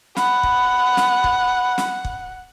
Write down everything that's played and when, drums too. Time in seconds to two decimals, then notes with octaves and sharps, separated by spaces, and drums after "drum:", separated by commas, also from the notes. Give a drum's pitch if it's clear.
0.17 F#5 B5, drum: snare
0.43 drum: kick
0.97 drum: snare
1.24 drum: kick
1.78 drum: snare
2.05 drum: kick